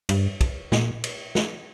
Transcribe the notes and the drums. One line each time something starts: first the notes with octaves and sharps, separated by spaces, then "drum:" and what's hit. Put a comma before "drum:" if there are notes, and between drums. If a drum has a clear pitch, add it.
G2, drum: cymbal
drum: kick, cymbal
A#2, drum: snare
drum: cymbal
drum: snare